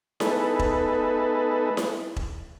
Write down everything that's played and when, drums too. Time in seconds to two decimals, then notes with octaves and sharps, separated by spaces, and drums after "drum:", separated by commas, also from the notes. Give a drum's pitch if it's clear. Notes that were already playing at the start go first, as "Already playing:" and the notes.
0.20 A3 B3 D#4 G#4 A4 B4, drum: snare E4
0.59 drum: kick E1
1.77 drum: snare E4
2.16 drum: kick E1